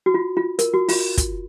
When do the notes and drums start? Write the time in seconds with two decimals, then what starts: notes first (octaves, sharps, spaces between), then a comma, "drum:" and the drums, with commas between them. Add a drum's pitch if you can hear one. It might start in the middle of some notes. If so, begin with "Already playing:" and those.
0.06 F#4
0.14 F4
0.37 F4
0.59 A#4, drum: hi-hat
0.74 F#4
0.89 F4, drum: open hi-hat
1.18 drum: kick, hi-hat